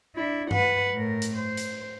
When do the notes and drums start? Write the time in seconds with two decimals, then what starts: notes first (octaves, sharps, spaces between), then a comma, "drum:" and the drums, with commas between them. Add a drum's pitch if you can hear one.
0.15 D4 E4
0.51 B4 F#5, drum: tom G2
0.94 A2 A#4
1.22 drum: hi-hat
1.36 C5
1.57 drum: hi-hat